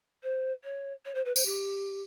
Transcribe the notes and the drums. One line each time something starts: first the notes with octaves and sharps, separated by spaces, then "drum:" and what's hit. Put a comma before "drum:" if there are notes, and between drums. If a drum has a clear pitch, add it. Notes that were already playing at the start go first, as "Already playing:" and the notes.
C5
C#5
C#5
C5
B4
C5, drum: tambourine
G4